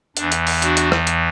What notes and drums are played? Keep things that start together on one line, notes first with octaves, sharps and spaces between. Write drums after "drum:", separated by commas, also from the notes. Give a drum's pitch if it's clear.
E2 E3 D4, drum: hi-hat
drum: hi-hat
drum: open hi-hat
D4 F#4, drum: hi-hat
drum: hi-hat
drum: rim click
drum: hi-hat